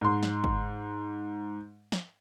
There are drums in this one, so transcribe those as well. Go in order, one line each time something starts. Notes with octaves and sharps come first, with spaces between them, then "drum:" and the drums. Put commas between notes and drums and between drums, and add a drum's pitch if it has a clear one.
G#2 C6
drum: snare
drum: kick
drum: snare